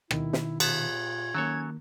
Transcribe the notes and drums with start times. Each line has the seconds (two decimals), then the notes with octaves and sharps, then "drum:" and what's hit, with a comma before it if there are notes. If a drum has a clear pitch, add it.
0.11 B2 D#3 E4, drum: rim click
0.33 drum: snare
0.60 A#2 B3 A5 G#6, drum: cymbal
1.35 D#3 F#3 A#3 C#4 A4 C#5